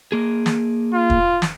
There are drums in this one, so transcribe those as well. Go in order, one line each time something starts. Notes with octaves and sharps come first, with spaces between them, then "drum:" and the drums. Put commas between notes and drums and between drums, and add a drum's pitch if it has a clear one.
A#3 G#4
drum: snare
F4
drum: kick
drum: snare